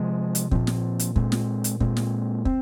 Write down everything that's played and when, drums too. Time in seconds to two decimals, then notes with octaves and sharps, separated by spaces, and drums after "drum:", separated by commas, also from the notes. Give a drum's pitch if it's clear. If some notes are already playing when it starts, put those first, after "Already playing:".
Already playing: C3 F3 G#3
0.35 drum: hi-hat
0.51 A#2 F3 C4, drum: kick
0.67 drum: snare
0.99 drum: hi-hat
1.16 A#2 G#3 C4, drum: kick
1.32 drum: snare
1.64 drum: hi-hat
1.80 A#2 G#3 C4, drum: kick
1.97 drum: snare
2.45 C4, drum: kick